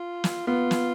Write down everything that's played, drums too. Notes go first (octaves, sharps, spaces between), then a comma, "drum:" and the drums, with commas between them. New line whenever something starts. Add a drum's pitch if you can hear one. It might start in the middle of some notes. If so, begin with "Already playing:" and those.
Already playing: F4
drum: snare
B3 F4
drum: snare